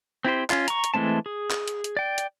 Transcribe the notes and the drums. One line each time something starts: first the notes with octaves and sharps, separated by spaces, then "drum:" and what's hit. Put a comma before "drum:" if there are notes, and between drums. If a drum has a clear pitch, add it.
C4 E4 G4 C5
C#4 F4, drum: clap
A#5 C#6, drum: hi-hat
drum: hi-hat
E3 G#3 A3 C4 A5
G#4
drum: clap
drum: hi-hat
drum: hi-hat
D5 G5
drum: hi-hat